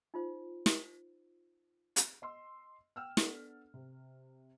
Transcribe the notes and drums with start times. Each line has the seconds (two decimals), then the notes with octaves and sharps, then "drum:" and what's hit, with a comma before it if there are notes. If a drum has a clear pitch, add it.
0.14 D#4 F4 C5
0.66 drum: snare
1.96 drum: hi-hat
2.22 D#5 C6 E6
2.96 G5 E6 F6
3.17 B3 D4 A4, drum: snare
3.74 C3